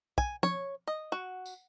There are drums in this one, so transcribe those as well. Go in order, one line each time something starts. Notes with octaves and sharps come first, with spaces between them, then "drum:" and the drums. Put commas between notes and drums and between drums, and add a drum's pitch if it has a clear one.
G#5, drum: kick
C#5, drum: tom
D#5
F#4
drum: tambourine